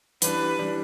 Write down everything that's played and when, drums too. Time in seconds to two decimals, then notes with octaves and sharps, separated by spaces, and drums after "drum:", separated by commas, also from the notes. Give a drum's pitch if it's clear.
0.22 E3 G3 D4 B4, drum: hi-hat
0.59 E3 G3 D4